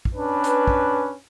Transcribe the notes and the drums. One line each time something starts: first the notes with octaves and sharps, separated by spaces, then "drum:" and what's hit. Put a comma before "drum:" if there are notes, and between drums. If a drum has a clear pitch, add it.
drum: kick
C#4 D4 B4
drum: hi-hat
drum: kick